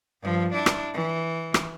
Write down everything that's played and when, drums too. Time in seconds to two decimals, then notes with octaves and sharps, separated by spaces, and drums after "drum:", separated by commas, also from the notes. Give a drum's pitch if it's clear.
0.22 G2 F3
0.53 D4 E4
0.66 drum: rim click
0.94 E3
1.54 drum: rim click